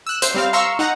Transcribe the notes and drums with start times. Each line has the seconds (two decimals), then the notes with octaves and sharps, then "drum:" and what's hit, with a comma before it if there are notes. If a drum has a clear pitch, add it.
0.07 E6 F#6
0.22 C5, drum: hi-hat
0.34 G3 C4 F5
0.53 F5 A#5 C6 C#6 E6
0.79 D#4 F#5 A#5